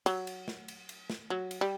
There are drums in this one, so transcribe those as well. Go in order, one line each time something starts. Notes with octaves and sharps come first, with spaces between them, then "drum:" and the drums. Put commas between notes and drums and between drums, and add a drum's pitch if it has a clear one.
F#3, drum: cymbal
drum: cymbal
drum: snare
drum: cymbal
drum: cymbal
drum: snare
F#3
drum: cymbal
G3